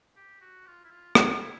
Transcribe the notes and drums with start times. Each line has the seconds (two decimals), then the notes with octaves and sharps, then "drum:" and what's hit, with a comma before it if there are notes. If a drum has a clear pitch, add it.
0.16 G4
0.41 F#4
0.67 F4
0.85 E4
0.90 F4
1.15 E4, drum: rim click
1.32 F4
1.41 E4